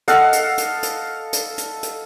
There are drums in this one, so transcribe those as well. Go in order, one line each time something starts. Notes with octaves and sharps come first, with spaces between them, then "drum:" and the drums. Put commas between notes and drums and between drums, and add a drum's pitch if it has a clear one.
A4 D#5 F5 F#5, drum: hi-hat
drum: hi-hat
drum: hi-hat
drum: hi-hat
drum: hi-hat
drum: hi-hat
drum: hi-hat